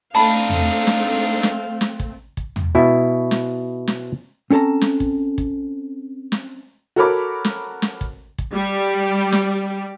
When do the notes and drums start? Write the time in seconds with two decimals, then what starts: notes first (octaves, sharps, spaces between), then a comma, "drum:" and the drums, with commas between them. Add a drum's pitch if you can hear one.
0.15 A3 C4 D4 D#4 F5 A5 B5
0.49 drum: tom
0.87 drum: snare
1.43 drum: snare
1.81 drum: snare
2.00 drum: kick
2.37 drum: kick
2.56 drum: tom
2.75 B2 E4
3.31 drum: snare
3.87 drum: snare
4.50 C4 C#4 A4 A5 A#5
4.81 drum: snare
5.00 drum: kick
5.38 drum: kick
6.32 drum: snare
6.96 F#4 A4 A#4 C#5 B5 D6
7.45 drum: snare
7.82 drum: snare
8.01 drum: kick
8.38 drum: kick
8.54 G3
9.32 drum: snare